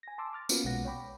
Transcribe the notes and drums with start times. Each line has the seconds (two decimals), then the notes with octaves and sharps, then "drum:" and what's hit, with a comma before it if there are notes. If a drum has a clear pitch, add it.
0.03 G#5 A#6
0.18 A5 C6 D6 E6
0.33 D6 F6 A6
0.49 A#3 B3 C#4 F4 F#4 B4, drum: tambourine
0.64 B1 B2 G#3 F#5 A#6
0.85 C#5 G5 B5 D6